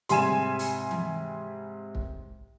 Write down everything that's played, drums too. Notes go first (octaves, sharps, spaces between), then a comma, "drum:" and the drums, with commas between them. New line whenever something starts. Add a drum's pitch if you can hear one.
G#2 C3 G3 G#5 C6 E7, drum: hi-hat
drum: open hi-hat
drum: tom E3
drum: kick